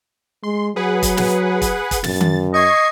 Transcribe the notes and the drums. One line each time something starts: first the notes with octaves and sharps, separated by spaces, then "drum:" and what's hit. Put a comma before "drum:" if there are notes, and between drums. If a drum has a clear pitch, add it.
G#3 C6
F#3 G#4 B4 F#5
drum: kick, hi-hat
drum: snare
drum: kick, hi-hat
drum: kick, hi-hat
F#2 A6, drum: snare
drum: tom D#3
D#5 C#6 G#6 C7